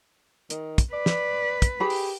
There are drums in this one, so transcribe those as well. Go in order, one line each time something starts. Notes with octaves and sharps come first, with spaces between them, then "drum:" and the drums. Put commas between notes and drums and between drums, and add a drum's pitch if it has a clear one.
D#3, drum: hi-hat
drum: kick, hi-hat
B4 D5
drum: snare
drum: kick, hi-hat
G4 G#4 B5
drum: open hi-hat